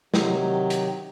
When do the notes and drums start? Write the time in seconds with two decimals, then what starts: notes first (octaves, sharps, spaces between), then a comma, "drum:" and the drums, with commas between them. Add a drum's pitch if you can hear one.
0.14 C3 D#3 F#3, drum: snare
0.70 drum: hi-hat